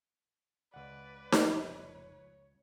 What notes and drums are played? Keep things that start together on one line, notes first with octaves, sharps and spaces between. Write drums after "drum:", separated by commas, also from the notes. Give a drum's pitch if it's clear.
C#2 B4 D5 F#5
F1 A#2 F3 C#5, drum: snare D#4